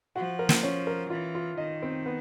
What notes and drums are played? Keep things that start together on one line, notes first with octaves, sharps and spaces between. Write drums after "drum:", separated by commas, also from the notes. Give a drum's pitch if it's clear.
F3 F#4
A#4
drum: snare
C#4
A#4
E3 F4
F4
D#3 D#5
C4
B3